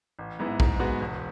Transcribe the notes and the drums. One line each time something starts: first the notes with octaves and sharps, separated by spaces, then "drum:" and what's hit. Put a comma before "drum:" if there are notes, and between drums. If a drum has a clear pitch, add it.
A1
G#2 E3 B3 E4
G#2, drum: kick A#1
G#3 B3 F#4
E1